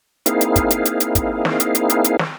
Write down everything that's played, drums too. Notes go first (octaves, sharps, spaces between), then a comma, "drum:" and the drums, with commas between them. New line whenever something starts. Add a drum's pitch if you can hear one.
A#3 C4 D#4 E4 G#4 F5, drum: hi-hat
drum: hi-hat
drum: kick, hi-hat
drum: hi-hat
drum: hi-hat
drum: hi-hat
drum: kick, hi-hat
drum: snare
drum: hi-hat
drum: hi-hat
drum: hi-hat
drum: hi-hat
drum: snare